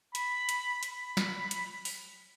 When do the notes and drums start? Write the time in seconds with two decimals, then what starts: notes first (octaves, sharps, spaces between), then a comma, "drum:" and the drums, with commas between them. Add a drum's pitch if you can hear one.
0.15 B5, drum: hi-hat
0.49 drum: hi-hat
0.83 B5, drum: hi-hat
1.17 drum: snare
1.51 drum: hi-hat
1.85 drum: open hi-hat